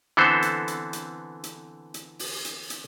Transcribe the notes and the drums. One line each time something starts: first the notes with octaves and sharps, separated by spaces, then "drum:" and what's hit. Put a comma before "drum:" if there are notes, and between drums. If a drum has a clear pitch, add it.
D3 E3 B3 C4 A4 C5
drum: hi-hat
drum: hi-hat
drum: hi-hat
drum: hi-hat
drum: hi-hat
drum: open hi-hat
drum: hi-hat
drum: hi-hat